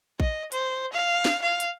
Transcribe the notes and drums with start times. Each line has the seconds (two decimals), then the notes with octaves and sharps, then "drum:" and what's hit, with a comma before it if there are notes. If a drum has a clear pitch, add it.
0.20 D#5, drum: kick A#1
0.52 C5, drum: hi-hat
0.93 F5
1.25 drum: snare
1.42 F5
1.60 drum: hi-hat